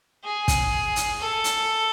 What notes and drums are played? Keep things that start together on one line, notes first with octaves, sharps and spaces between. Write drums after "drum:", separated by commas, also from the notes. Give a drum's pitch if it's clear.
G#4
drum: kick, hi-hat
drum: hi-hat
A4
drum: hi-hat